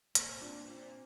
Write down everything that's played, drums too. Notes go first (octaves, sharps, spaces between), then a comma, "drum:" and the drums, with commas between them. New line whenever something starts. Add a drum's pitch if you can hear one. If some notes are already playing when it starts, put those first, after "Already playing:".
A#2 C4, drum: hi-hat
A#2 D4
A#2 C4